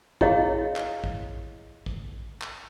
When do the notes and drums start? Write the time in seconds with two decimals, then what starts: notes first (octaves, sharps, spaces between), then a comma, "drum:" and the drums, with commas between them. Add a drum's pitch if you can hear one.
0.21 E4 G#4 C#5 D#5 F5, drum: kick A1
0.76 drum: clap
1.04 drum: kick A1
1.86 drum: kick A1
2.42 drum: clap